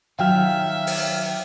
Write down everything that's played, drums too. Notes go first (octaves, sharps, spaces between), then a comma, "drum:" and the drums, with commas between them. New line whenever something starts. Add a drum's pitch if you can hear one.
D#3 F#3 F#4 E5 F5 G5 F6
drum: open hi-hat